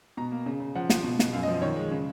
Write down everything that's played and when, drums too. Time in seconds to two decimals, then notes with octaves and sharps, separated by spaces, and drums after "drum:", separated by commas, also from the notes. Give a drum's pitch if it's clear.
0.17 B2 A#5
0.31 A#3
0.46 C#3
0.60 C#3
0.75 F3 F#5
0.90 F3, drum: snare
1.04 B2
1.19 B2, drum: snare
1.33 F#2 F5
1.43 D#5
1.48 F3
1.53 D#5
1.62 D#3 C#5
1.76 G#3
1.91 C#3